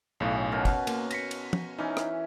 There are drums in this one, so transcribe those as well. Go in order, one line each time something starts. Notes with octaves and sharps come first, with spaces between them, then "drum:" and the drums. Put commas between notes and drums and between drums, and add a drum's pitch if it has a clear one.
B1 A2 C#3
B2 C#4 A#4
drum: kick, cymbal
A#3, drum: cymbal
A#6 B6 C#7, drum: cymbal
drum: cymbal
drum: tom
E3 C#4 D#4
drum: rim click